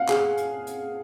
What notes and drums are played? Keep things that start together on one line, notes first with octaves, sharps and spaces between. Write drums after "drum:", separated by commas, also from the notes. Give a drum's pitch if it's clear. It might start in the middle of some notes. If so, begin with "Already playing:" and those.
Already playing: F5 F#5
G#4, drum: clap
drum: hi-hat
drum: hi-hat